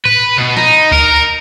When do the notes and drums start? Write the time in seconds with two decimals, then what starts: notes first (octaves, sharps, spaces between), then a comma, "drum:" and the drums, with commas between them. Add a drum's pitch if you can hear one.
0.05 B4, drum: tom G#2
0.37 B2
0.57 D#4, drum: snare
0.92 A#4, drum: kick C#2